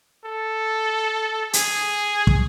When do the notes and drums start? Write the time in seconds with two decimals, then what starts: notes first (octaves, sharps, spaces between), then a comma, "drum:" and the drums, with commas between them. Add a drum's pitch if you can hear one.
0.25 A4
1.53 G#4, drum: hi-hat
2.27 drum: kick